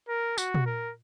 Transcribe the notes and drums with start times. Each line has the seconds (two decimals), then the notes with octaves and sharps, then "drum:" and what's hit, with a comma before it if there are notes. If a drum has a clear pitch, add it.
0.09 A#4
0.38 F#4, drum: tambourine
0.54 drum: tom
0.66 A#4